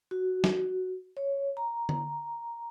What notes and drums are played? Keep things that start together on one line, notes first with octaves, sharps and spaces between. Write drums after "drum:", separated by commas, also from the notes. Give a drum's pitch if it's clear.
F#4
drum: snare
C#5
A#5
drum: tom D3